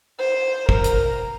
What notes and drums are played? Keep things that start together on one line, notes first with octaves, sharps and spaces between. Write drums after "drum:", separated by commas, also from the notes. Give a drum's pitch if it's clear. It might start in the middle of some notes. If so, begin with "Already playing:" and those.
C5
A#4, drum: kick
drum: hi-hat